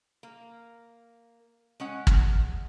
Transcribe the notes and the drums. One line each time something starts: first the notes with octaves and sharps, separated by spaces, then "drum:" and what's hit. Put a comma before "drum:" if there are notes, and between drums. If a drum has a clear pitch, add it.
A#3
G#3 C#4 F#5
drum: kick